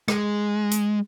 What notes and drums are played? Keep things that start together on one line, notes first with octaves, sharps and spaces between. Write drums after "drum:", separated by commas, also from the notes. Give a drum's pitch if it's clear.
G#3, drum: rim click
drum: hi-hat